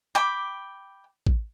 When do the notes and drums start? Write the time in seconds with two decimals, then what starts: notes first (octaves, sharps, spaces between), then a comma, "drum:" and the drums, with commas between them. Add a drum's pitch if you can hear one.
0.15 G5 B5 D6
1.27 drum: kick